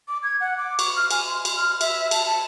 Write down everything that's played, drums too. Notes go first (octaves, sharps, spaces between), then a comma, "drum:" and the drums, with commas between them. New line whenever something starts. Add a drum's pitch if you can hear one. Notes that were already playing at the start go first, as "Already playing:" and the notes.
D6
G#6
F#5
D6
C#6, drum: cymbal
F6
G#5, drum: cymbal
C6
drum: cymbal
F6
E5, drum: cymbal
A5, drum: cymbal
A5